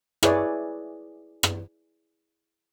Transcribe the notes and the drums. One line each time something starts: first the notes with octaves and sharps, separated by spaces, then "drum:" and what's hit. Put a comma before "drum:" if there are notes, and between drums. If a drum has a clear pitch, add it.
E4 G#4 B4 C#5 D5, drum: rim click
drum: rim click